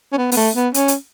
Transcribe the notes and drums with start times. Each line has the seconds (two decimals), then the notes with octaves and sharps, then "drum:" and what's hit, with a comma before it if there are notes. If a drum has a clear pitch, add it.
0.12 C#4
0.17 B3
0.32 B3, drum: open hi-hat
0.37 A3
0.55 B3
0.74 C#4, drum: hi-hat
0.88 drum: hi-hat